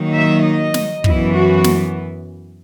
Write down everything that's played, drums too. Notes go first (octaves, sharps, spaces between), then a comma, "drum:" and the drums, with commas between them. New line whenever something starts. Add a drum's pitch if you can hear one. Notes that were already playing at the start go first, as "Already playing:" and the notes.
Already playing: D#3 F#3 A#3 D#4
E5
D#5
drum: snare
F#2 E3 B3 E4, drum: kick
F#4
drum: snare